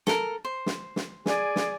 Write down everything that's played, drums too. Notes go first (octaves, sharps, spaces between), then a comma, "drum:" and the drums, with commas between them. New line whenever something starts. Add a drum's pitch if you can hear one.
A4 A#4, drum: snare
C5
drum: snare
drum: snare
G#4 D5 G#5, drum: snare
drum: snare